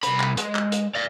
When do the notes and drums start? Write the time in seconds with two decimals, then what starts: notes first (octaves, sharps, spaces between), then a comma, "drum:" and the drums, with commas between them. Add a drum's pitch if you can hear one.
0.03 C2 B5, drum: hi-hat
0.20 drum: clap
0.37 G#3, drum: hi-hat
0.55 drum: clap
0.72 drum: hi-hat
0.95 D5 F5